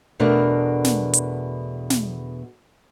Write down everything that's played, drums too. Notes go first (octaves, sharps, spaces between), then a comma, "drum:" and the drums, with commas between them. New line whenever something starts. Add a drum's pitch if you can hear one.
E2 B2 A3 D4 A#4
drum: snare
drum: hi-hat
drum: snare